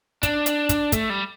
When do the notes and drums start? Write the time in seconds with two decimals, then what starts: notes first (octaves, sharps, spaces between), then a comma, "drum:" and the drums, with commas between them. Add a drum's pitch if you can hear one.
0.23 D4, drum: kick, hi-hat
0.46 drum: hi-hat
0.69 drum: kick, hi-hat
0.92 A3, drum: kick, hi-hat
1.10 G3